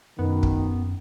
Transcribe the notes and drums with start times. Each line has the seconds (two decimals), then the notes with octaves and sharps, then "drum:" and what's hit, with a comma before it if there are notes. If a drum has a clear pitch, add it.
0.19 F#2 B2 D#3 B3
0.43 drum: kick